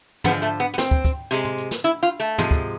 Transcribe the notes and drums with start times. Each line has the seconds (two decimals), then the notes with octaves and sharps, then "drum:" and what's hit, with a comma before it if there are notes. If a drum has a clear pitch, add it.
0.24 D3 F3 G#3 B3, drum: tom
0.42 A3
0.60 B3
0.74 B3
0.78 C4, drum: snare
0.91 drum: kick
1.05 drum: kick, hi-hat
1.31 C3 G#3, drum: hi-hat
1.45 drum: tom
1.58 drum: hi-hat
1.71 drum: snare
1.84 E4, drum: hi-hat
2.03 F4
2.20 A3
2.38 C3 F3 G#3, drum: tom
2.51 drum: kick